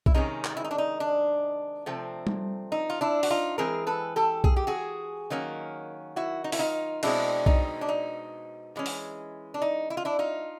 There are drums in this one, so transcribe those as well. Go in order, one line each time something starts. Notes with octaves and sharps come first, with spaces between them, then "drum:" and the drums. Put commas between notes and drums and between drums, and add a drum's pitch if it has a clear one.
E4, drum: kick B1
C3 D#3 G#3 C#4 D#4
drum: clap
E4
D#4
D4
D#4
D4
C3 F3 A3 C4
drum: tom G3
D#4
F4
D4 E4
F#4, drum: open hi-hat
D#4 F4
E3 G#3 C4 G#4 A#4
A4 B4
G4 A4
G#4, drum: kick B1
G4
F#4 G#4
D#3 F#3 A#3 C#4
E4 F#4
D#4
E4, drum: open hi-hat
D#4 F4
B2 G#3 C4 D4 E4, drum: cymbal
D#4, drum: kick B1
D4
D#4
E3 G#3 C#4
drum: open hi-hat
D4
D#4
E4
F4
D4 E4
D#4 F4